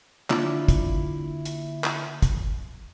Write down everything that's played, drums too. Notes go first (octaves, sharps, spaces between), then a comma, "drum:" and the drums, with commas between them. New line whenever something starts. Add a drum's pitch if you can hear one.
D3 A#3 D4 E4 F4 D5, drum: clap
drum: kick, hi-hat
drum: hi-hat
drum: clap
drum: kick, hi-hat